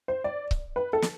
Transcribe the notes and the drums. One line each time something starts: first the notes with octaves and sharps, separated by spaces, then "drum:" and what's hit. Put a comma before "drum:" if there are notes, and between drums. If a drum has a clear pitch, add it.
C5
D5
drum: kick C#1
B4
A4
drum: snare